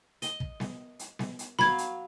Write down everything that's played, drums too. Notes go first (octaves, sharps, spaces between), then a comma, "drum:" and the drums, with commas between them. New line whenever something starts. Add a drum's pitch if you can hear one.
D#5, drum: hi-hat
drum: kick
drum: snare B3
drum: hi-hat
drum: snare B3
drum: hi-hat
F#3 F5 B5 G#6, drum: snare B3
drum: hi-hat